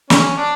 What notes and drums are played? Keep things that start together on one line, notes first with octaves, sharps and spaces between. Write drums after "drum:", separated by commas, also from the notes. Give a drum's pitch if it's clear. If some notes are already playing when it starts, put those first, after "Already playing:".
C#4, drum: snare
D4